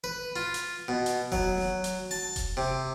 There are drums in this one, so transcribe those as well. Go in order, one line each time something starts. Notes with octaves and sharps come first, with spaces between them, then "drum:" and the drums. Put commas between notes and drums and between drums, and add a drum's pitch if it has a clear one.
B4
F4
drum: hi-hat
B2
drum: hi-hat
F#3, drum: kick E1, open hi-hat
drum: snare
drum: hi-hat
A5, drum: open hi-hat
drum: kick E1, hi-hat
C3